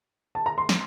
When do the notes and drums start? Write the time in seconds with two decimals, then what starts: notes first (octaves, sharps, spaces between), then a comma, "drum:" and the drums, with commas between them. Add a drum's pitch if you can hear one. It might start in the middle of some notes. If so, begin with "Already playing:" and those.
0.35 A5
0.46 A#5
0.58 C6
0.69 drum: snare